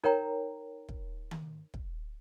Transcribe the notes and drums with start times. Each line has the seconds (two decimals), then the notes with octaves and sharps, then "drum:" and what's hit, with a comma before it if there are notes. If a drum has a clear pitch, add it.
0.04 D#4 A#4 C#5 G5 A#5, drum: rim click
0.89 drum: kick
1.31 drum: tom D#3
1.74 drum: kick